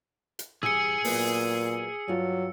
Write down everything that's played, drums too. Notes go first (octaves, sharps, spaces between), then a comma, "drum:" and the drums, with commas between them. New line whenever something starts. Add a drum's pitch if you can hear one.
drum: hi-hat
E3 G3 G#4 G#5 E6 C#7, drum: tom
A#2 F#3 A#3 B3, drum: open hi-hat
G2 F#3 F4